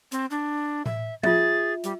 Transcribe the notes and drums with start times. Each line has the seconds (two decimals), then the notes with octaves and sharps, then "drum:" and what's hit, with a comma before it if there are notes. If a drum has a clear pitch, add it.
0.12 C4, drum: hi-hat
0.31 D4
0.86 E5, drum: tom A2
1.23 F4 G#4 E5 A6, drum: tom F3
1.83 G3, drum: hi-hat